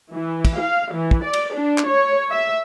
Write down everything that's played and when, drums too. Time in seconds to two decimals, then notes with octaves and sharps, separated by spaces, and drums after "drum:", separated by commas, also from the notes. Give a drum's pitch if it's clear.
0.14 E3
0.45 drum: kick, cymbal
0.58 F5
0.94 E3
1.11 drum: kick
1.24 D5
1.33 drum: cymbal
1.56 D4
1.78 drum: clap
1.88 C#5
2.31 E5